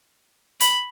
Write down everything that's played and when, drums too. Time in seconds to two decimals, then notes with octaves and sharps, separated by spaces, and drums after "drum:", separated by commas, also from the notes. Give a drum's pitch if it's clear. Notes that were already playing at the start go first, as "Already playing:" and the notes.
0.60 B5, drum: hi-hat